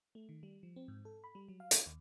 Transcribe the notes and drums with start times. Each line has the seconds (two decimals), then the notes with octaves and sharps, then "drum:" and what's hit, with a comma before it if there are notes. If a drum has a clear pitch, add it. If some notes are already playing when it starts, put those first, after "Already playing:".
0.15 A3
0.29 D#3
0.43 G3
0.63 F3
0.76 C4
0.88 G#2
1.05 A4
1.24 B5
1.35 G3
1.48 F#3
1.60 F5
1.71 drum: hi-hat
1.86 D#2